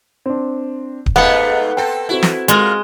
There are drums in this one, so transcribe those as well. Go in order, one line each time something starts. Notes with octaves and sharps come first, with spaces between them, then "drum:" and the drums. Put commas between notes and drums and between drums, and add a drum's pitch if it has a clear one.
C4 D4
drum: kick D1
G#2 C3 A3 B3 F5 F#5
C4 A4 G5
C4 E4 F#4 F#5
drum: snare
G#3 F4 A#4, drum: hi-hat